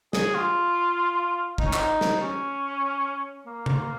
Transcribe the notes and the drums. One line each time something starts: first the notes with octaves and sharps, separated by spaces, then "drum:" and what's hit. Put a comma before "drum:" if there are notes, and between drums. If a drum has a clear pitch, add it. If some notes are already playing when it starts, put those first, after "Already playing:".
G#4, drum: snare
F4
D#4, drum: kick
C#4
D#4, drum: clap
drum: snare
C#4
A#3
drum: tom C3